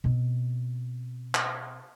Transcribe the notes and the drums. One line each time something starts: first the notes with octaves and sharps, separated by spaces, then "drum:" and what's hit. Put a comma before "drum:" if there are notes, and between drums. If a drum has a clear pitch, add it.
B2 C4
drum: clap